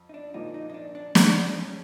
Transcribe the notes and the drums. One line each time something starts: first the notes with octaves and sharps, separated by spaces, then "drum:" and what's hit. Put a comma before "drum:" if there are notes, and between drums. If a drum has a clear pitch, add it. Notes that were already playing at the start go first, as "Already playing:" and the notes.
Already playing: F2
D#4
D4
A#2 F3 A#3 D#4
D#4
D#4
D4
D4
F2 C#3 F#3 C#4, drum: snare
D4
C#4
C#4